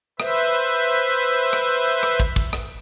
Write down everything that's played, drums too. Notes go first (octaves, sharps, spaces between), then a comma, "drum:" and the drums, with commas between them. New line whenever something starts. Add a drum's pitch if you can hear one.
B4 C5 E5, drum: rim click
drum: rim click
drum: rim click
drum: kick
drum: kick
drum: rim click